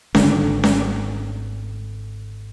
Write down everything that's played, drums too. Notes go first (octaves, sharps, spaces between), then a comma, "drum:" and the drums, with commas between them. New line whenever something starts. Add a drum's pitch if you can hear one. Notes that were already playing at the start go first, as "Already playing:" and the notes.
G#1 D3, drum: snare C#4
drum: snare C#4